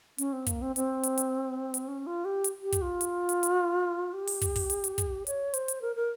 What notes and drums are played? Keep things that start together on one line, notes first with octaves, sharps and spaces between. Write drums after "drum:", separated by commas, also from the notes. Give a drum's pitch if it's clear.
C#4, drum: hi-hat
C4
A#3, drum: kick, hi-hat
C4
C4, drum: hi-hat
drum: hi-hat
drum: hi-hat
drum: hi-hat
C#4
F4
G4
drum: hi-hat
G4
drum: kick, hi-hat
F4
drum: hi-hat
drum: hi-hat
drum: hi-hat
G4
drum: open hi-hat
drum: kick, hi-hat
drum: kick, open hi-hat
drum: hi-hat
drum: hi-hat
drum: kick, hi-hat
C#5, drum: hi-hat
C5, drum: hi-hat
drum: hi-hat
A#4
A#4